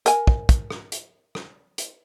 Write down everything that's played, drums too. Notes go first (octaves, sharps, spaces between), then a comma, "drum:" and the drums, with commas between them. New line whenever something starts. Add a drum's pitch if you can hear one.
A#4 G#5, drum: hi-hat
drum: kick
drum: kick, hi-hat
drum: rim click
drum: hi-hat
drum: rim click
drum: hi-hat